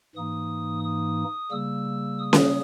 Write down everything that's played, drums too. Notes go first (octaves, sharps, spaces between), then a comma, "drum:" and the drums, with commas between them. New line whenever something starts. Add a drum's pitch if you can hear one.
G#2 E3 A#3 D#4 D#6
D#6
C#3 G3 A#3 E6
D#6
drum: snare C#4